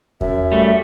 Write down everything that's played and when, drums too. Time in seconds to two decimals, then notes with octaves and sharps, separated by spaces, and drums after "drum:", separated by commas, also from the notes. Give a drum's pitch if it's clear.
0.21 F#2 E5, drum: kick E2
0.52 G3 A3